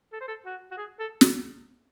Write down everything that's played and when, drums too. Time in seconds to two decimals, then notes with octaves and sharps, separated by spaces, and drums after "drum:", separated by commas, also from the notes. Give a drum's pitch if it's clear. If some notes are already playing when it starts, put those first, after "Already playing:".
0.13 A4
0.20 C5
0.28 A4
0.45 F#4
0.72 F#4
0.78 G#4
1.00 A4
1.21 drum: snare